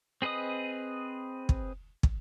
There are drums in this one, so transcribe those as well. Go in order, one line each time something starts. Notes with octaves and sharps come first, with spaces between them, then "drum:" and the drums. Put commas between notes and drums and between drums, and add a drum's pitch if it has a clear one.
C4 G#4 B4 D#5 D#6
drum: kick
drum: kick